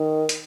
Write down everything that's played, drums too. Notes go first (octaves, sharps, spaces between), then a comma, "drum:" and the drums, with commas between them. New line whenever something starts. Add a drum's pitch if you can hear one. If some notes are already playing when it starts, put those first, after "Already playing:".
Already playing: D#3
drum: hi-hat